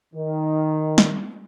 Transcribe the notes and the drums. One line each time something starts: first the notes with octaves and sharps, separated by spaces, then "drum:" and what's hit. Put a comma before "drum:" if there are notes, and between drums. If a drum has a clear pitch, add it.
D#3
drum: snare